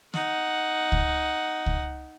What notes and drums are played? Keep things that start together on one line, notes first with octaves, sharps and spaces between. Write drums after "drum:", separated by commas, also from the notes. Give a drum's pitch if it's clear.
D#4 F#5, drum: snare
drum: kick C#2
drum: kick C#2